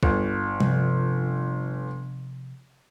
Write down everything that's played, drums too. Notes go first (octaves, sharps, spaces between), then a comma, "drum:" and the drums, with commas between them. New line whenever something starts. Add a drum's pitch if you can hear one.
G1, drum: kick
C3 F3, drum: tom G3